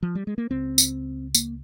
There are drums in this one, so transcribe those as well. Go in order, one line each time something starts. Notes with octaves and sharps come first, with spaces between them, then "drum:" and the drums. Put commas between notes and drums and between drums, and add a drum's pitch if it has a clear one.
F3
G3
G#3
A#3
C#2 C#3 C4
drum: tambourine
A#3, drum: tambourine